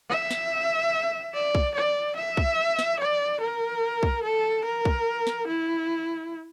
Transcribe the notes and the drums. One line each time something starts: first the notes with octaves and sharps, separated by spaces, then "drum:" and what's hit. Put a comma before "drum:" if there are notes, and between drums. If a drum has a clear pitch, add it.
E5
drum: snare
D5
drum: kick
D5
E5
drum: kick
drum: snare
D5
A#4
drum: kick
A4
A#4
drum: kick
drum: snare
E4